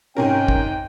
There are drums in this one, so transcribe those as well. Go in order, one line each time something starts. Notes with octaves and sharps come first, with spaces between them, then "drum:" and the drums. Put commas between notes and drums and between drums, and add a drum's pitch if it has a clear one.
G#2 C3 C#4 A#4 G5
drum: kick